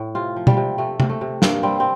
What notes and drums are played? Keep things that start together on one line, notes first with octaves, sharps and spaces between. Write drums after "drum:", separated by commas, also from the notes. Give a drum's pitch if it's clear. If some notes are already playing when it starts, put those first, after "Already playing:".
Already playing: A2
C3 F4
F3
G3, drum: tom B2
C3
C3 A3
C3, drum: tom
A3
C3
G2 A#3, drum: snare
G3 C4
C4